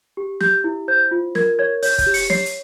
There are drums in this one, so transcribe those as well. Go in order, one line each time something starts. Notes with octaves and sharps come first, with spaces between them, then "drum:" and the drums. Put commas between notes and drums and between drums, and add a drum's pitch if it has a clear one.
G4
G4 G6, drum: snare
E4
C5 G6
F4
A#4 G#6, drum: snare
C#5 G#6
C#5 G6, drum: open hi-hat
G6, drum: kick, hi-hat
G4
C#7, drum: open hi-hat
C#5 C7, drum: snare
drum: hi-hat